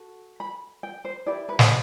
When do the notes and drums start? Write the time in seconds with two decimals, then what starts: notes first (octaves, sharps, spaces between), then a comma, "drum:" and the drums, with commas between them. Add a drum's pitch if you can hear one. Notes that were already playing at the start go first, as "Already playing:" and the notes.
Already playing: F#4 A4
0.40 B5
0.83 G5
1.05 C5
1.26 E4 G4 B4 D5
1.49 B4
1.59 C5, drum: snare